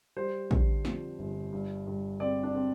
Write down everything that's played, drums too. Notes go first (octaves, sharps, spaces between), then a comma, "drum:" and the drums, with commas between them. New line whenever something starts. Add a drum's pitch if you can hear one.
G3 C5
D3, drum: kick
F2, drum: snare
G1
G2
G2
C4 D5
D4
C4